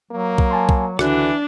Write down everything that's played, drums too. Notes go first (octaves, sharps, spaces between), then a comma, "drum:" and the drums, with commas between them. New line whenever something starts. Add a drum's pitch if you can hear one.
F#3 A#3
drum: kick B1
G#5 A5 C6
drum: kick B1
C#2 D3 E3 D4 F#4 F#6, drum: rim click